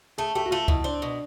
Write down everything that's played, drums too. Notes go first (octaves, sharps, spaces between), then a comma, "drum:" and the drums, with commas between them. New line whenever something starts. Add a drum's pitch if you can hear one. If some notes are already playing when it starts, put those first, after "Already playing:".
A3 G#4
A3 G4
F#4
A3 F4
B2 E4, drum: kick C#2
C4 D4
B2